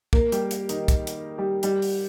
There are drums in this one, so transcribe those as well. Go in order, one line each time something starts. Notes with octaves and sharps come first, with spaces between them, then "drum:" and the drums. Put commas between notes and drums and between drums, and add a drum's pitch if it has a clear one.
A#3 A#4, drum: kick
G3 G4, drum: hi-hat
drum: hi-hat
D#3 D#4, drum: hi-hat
drum: kick, hi-hat
drum: hi-hat
G3 G4
G3 G4, drum: hi-hat
drum: open hi-hat